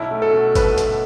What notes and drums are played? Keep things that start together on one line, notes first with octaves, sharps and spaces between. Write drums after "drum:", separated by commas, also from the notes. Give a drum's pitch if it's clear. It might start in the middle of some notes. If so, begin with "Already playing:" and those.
Already playing: B1 E4
A3
A4
B2
B1 B4, drum: kick G1, hi-hat
B1, drum: hi-hat